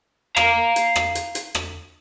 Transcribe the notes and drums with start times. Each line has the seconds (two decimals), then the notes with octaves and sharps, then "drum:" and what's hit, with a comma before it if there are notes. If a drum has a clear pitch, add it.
0.37 F5 A#5, drum: rim click
0.76 drum: hi-hat
0.96 drum: rim click
1.15 drum: hi-hat
1.35 drum: hi-hat
1.55 drum: rim click